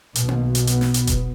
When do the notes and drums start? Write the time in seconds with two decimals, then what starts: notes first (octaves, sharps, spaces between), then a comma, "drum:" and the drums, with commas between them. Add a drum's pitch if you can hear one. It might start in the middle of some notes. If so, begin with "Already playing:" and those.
0.15 B1 B2, drum: hi-hat
0.28 drum: tom A#3
0.55 drum: hi-hat
0.67 B3, drum: hi-hat
0.81 drum: snare
0.94 drum: hi-hat
1.07 drum: kick F1, hi-hat